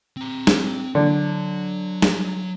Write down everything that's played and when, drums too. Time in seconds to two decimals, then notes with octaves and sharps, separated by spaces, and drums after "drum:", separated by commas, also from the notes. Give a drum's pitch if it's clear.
0.17 C4 A#5
0.47 drum: snare
0.95 D3 F#3
2.02 drum: snare